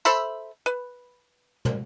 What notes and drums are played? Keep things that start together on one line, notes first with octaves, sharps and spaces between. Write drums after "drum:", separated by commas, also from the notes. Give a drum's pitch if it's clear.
A4 C5 E5 B5, drum: tambourine
B4
drum: tom